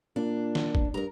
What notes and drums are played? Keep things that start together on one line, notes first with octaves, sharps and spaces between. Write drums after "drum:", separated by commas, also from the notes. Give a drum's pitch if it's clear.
A#2 A#3 D4
drum: snare
drum: kick
G2 A#4 A#5